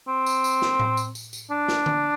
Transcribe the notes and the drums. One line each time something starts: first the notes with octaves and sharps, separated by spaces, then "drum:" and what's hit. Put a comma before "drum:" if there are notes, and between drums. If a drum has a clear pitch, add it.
C4
drum: tambourine
drum: tambourine
drum: snare
drum: tom A2
drum: tambourine
drum: tambourine
drum: tambourine
D4
drum: snare
drum: tom D3